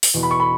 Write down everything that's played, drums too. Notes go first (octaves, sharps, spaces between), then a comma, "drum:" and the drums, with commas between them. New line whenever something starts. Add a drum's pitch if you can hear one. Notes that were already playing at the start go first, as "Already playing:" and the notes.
drum: open hi-hat
E2 B2
B5
C#6
B5